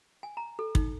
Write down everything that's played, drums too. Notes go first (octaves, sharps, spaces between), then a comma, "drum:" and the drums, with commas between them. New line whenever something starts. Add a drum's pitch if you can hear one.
G#5
A#5
A4
D#4, drum: kick